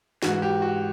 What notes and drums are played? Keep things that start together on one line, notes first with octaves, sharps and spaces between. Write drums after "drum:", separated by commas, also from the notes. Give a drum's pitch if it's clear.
G#2 E3 F#4, drum: snare
G4
F#4